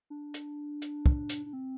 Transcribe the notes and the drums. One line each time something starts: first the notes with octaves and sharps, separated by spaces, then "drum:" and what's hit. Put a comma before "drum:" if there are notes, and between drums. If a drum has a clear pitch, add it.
D4
drum: hi-hat
drum: hi-hat
drum: kick
drum: hi-hat
D4
C4